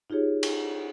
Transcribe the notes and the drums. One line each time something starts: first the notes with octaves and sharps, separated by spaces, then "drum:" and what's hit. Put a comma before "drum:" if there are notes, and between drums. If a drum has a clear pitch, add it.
D#4 F4 G4 G#4 C#5
drum: cymbal